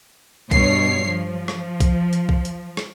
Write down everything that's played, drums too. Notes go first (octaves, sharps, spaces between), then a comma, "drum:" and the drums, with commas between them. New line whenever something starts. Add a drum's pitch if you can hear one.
G2 B2 C#5 C7, drum: kick B1, hi-hat
F3
drum: rim click
drum: kick B1, hi-hat
drum: hi-hat
drum: kick B1
drum: hi-hat
drum: rim click